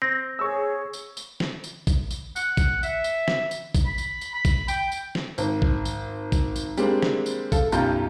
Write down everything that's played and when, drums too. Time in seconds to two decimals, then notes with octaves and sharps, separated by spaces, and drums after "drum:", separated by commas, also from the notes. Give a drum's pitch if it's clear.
0.02 C4 A#6
0.39 G#4 C#5 C#6 E6
0.93 drum: tambourine
1.17 drum: tambourine
1.40 drum: snare
1.64 drum: tambourine
1.87 drum: kick A#1, tambourine
2.11 drum: tambourine
2.36 F#5, drum: tambourine
2.57 drum: kick A#1, tambourine
2.83 E5, drum: tambourine
3.04 drum: tambourine
3.28 drum: snare
3.51 drum: tambourine
3.75 drum: kick A#1, tambourine
3.85 B5
3.98 drum: tambourine
4.21 drum: tambourine
4.34 B5
4.45 drum: kick A#1, tambourine
4.68 G5, drum: tambourine
4.92 drum: tambourine
5.15 drum: snare
5.38 G#1, drum: tambourine
5.62 drum: kick A#1
5.85 drum: tambourine
6.32 drum: kick A#1, tambourine
6.56 drum: tambourine
6.77 G3 G#3 A#3 C4 D4, drum: tambourine
7.02 drum: snare
7.26 drum: tambourine
7.52 A4 F5, drum: kick A#1, tambourine
7.72 B1 F#2 G3 F4 A#5 G6, drum: tambourine